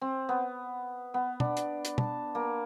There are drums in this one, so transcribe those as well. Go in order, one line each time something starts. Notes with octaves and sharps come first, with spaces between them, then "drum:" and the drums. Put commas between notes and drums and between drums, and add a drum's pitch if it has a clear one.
C4
B3
B3
D4, drum: tom
drum: hi-hat
drum: hi-hat
A5, drum: tom
A#3